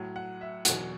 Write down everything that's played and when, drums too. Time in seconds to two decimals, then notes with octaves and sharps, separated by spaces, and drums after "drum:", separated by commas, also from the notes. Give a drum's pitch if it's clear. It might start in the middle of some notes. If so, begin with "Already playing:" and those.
Already playing: A2 F#3
0.16 F#5
0.41 E5
0.65 E2 B2 F#3 F#5, drum: hi-hat